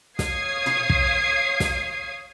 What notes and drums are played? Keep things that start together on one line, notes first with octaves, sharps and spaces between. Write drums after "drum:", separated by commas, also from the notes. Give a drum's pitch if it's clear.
C#5 F5 D#6 G#6 C7, drum: snare
drum: tom
drum: kick
drum: snare